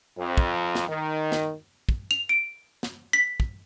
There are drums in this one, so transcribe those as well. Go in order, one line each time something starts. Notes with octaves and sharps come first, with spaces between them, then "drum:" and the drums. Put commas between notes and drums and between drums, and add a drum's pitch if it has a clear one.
F2
drum: kick
drum: snare
D#3
drum: snare
drum: kick
F7
D7
drum: snare
B6
drum: kick